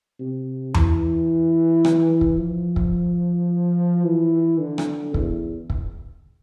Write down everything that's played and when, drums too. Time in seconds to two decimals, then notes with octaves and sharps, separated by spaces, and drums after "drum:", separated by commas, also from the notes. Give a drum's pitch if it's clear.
0.20 C3
0.74 E3, drum: tom E2
1.85 drum: rim click
2.21 drum: kick
2.39 F3
2.76 drum: kick
4.05 E3
4.60 D3
4.78 drum: rim click
5.14 E2, drum: kick
5.70 drum: kick